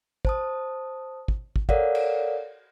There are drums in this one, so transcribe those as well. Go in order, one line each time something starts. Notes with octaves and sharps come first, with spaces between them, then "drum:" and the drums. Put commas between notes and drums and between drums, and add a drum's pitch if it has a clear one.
C5 A5 D#6, drum: kick
drum: kick
drum: kick
A4 A#4 C#5 D5 F5 F#5, drum: kick
drum: cymbal